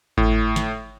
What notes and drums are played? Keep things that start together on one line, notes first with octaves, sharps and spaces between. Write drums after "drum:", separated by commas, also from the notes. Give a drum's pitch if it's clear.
A2, drum: kick G#1
drum: snare